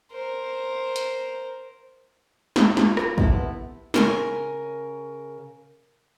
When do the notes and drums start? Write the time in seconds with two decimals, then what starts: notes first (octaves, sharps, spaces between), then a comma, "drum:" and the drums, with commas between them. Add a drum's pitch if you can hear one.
0.12 A#4 C5
0.96 drum: hi-hat
2.56 drum: snare
2.77 F4, drum: snare
2.97 drum: rim click
3.18 C3 A3 E4, drum: kick
3.34 B3
3.94 C#3 A#4 G#5, drum: snare